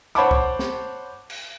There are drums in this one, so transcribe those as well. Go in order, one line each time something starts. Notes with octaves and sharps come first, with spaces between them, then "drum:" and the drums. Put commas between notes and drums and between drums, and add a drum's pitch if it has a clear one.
C5 C#5 F#5 A5 B5 D6
drum: kick C2
drum: snare
drum: cymbal